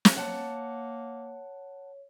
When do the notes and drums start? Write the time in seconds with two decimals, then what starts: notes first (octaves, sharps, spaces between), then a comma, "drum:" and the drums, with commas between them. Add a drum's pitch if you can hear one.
0.05 drum: snare
0.17 A#3 C#5 F#5 A5